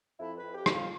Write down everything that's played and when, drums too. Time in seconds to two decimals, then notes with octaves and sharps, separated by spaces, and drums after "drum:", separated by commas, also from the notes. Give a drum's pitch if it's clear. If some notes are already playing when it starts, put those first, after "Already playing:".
0.19 F2 E4
0.37 B4
0.43 F2
0.54 G4
0.66 F2, drum: rim click
0.73 F4